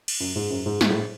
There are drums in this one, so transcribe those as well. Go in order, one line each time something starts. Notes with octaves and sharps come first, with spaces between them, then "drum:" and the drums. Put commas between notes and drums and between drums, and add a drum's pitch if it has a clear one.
drum: cymbal
F#2
G#2
F#2
G#2
G#2, drum: snare
A2